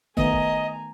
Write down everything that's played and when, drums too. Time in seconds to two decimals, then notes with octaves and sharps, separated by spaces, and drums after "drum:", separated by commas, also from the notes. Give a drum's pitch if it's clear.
0.17 D#3 A3 B3 D#5 G#5 A#5, drum: kick
0.33 drum: kick